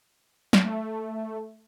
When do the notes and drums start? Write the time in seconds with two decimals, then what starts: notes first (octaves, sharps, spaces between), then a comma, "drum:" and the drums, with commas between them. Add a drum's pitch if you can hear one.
0.53 drum: snare
0.65 A3